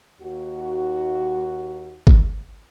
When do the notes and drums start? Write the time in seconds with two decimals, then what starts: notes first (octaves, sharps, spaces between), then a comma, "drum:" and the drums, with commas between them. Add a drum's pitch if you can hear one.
0.21 D#2 F#4
2.07 drum: kick G#1